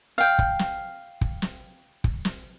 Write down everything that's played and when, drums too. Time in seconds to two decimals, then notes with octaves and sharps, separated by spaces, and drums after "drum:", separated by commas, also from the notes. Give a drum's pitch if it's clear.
0.18 F5 G5
0.39 drum: kick
0.59 drum: snare
1.21 drum: kick
1.42 drum: snare
2.04 drum: kick
2.25 drum: snare